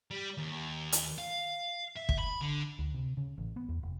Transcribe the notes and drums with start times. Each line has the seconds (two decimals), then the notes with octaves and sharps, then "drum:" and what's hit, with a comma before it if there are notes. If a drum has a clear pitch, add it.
0.11 G3
0.37 D#2
0.92 drum: hi-hat
1.18 F5
1.97 E5
2.09 drum: kick
2.19 B5
2.42 D3
2.79 D2
2.94 C3
3.17 C#3
3.38 A1
3.56 B3
3.69 E2
3.83 F1